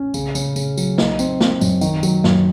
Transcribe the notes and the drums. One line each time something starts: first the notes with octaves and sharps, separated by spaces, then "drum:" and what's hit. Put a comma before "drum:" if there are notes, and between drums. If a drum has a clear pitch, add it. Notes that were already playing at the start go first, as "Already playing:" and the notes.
Already playing: C#4
C#3, drum: tambourine
C#3, drum: tambourine
C#3, drum: tambourine
F#3, drum: tambourine
D#4, drum: snare
C4, drum: tambourine
C4, drum: snare
F#2, drum: tambourine
D#3, drum: tambourine
F#3, drum: tambourine
F#2, drum: snare